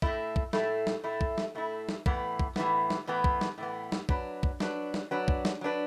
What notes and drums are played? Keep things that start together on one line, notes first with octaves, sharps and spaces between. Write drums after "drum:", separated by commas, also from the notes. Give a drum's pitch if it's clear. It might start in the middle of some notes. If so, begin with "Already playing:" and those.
A2 A3 E4, drum: kick
drum: kick
A2 A3 E4, drum: snare
drum: snare
A2 A3 E4
drum: kick
drum: snare
A2 A3 E4
drum: snare
A2 E3 B3, drum: kick
drum: kick
A2 E3 B3, drum: snare
drum: snare
A2 E3 B3
drum: kick
drum: snare
A2 E3 B3
drum: snare
F#3 D4 B4, drum: kick
drum: kick
F#3 D4 B4, drum: snare
drum: snare
F#3 D4 B4
drum: kick
drum: snare
F#3 D4 B4